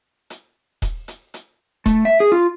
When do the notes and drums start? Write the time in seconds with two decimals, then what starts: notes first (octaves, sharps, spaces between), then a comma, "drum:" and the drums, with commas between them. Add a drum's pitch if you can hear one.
0.30 drum: hi-hat
0.82 drum: kick D#1, hi-hat
1.08 drum: hi-hat
1.34 drum: hi-hat
1.86 A3, drum: kick D#1, hi-hat
2.05 E5
2.20 G#4
2.32 F4